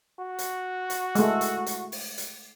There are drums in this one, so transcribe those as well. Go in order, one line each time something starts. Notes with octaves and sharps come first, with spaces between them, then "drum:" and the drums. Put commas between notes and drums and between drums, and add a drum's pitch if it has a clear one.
F#4
drum: hi-hat
drum: hi-hat
G#3 A3, drum: hi-hat
drum: hi-hat
drum: hi-hat
drum: open hi-hat
drum: hi-hat